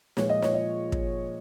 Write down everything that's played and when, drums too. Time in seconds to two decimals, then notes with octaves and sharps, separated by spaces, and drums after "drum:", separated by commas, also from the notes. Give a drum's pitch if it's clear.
0.17 A#2 F3 G#3 C#5, drum: snare
0.29 D#5
0.42 C#5, drum: snare
0.54 D#5
0.92 drum: kick